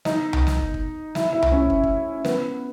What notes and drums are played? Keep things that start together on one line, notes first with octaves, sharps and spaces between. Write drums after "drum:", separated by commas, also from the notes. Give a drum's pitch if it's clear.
D#4, drum: snare
drum: tom C2
drum: snare
drum: kick
drum: kick
E4, drum: snare
E4
drum: tom C2
C#4
drum: kick
drum: kick
B3, drum: snare